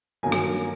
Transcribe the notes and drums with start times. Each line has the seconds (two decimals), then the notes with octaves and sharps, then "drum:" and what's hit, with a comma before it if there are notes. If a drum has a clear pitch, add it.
0.23 G2 D#3 F#3 A#3 G#5
0.32 drum: rim click